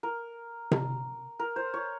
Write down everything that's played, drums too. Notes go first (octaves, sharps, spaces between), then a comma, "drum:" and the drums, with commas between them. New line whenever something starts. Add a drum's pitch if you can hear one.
A#4
drum: tom C3
A#4
C5
C#5